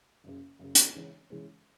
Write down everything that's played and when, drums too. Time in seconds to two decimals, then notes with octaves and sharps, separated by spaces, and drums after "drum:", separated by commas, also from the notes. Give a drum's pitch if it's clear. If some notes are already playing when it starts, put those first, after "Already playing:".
0.24 F#1 F#2 C#3
0.59 F#1 F#2 C#3
0.75 drum: hi-hat
0.95 C#3 E3 G#3 C#4
1.30 C#3 E3 G#3 C#4